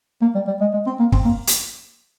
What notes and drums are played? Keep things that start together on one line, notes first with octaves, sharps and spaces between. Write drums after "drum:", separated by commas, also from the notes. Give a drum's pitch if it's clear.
A#3
G3
G3
G#3
G#3
C4
A#3
C4, drum: kick
A#3
drum: hi-hat